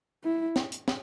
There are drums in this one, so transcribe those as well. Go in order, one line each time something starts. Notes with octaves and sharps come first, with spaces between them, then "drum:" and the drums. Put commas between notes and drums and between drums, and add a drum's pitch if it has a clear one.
E4
drum: snare
drum: hi-hat
drum: snare